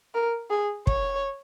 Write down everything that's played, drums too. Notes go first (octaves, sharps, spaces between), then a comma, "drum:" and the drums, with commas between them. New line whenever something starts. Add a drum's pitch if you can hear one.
A#4
G#4
C#5, drum: kick